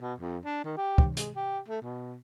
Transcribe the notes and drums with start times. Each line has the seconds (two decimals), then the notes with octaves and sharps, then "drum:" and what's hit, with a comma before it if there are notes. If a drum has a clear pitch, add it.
0.01 B2
0.20 F2
0.45 D4
0.64 D#3
0.77 G4
0.98 drum: kick
1.17 G#3, drum: hi-hat
1.36 G4
1.69 A3
1.82 B2